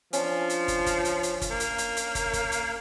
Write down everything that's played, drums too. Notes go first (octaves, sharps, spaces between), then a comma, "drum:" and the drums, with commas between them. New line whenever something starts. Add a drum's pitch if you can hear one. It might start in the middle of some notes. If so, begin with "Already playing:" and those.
F3 C#4 D4, drum: hi-hat
drum: hi-hat
drum: kick, hi-hat
drum: kick, hi-hat
drum: hi-hat
drum: hi-hat
drum: kick, hi-hat
A#3
drum: hi-hat
drum: hi-hat
drum: hi-hat
drum: kick, hi-hat
drum: kick, hi-hat
drum: hi-hat